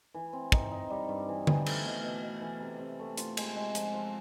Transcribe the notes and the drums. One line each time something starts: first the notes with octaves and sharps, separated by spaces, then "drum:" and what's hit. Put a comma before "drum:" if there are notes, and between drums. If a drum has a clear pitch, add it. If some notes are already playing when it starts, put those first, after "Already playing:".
E3
C4
D#4, drum: kick
D#4
G3
G2
E3
E3, drum: tom D3
A3, drum: cymbal
B2
B2
B2
E3
C3
C3
A3
F4, drum: hi-hat
G#3, drum: cymbal
G#3
F3, drum: hi-hat
F3